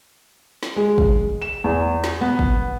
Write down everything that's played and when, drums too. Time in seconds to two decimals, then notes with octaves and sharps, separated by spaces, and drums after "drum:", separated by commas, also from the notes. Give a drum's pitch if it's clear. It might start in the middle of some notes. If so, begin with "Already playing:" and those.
0.63 drum: snare
0.76 G#3
0.98 drum: kick
1.42 E7
1.64 E2
2.04 drum: snare
2.21 B3
2.39 drum: kick